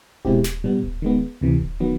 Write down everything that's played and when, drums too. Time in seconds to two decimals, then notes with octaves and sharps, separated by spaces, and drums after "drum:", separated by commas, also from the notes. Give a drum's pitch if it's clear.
0.25 B2 G#3 C4 E4 G4, drum: kick D1
0.44 drum: snare
0.64 A#2 G3 B3
0.83 drum: kick D1
1.02 D#3 G#3 B3
1.41 D2 C3 E3
1.61 drum: kick D1
1.80 D#3 F#3 B3